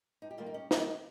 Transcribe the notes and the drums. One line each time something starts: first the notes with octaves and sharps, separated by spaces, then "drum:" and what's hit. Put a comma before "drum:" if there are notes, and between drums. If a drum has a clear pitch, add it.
G2 D#4
G4
D#3 G3 A#3 F4
D#4
G2 C#4
D#3 G3 A#3 D#4, drum: snare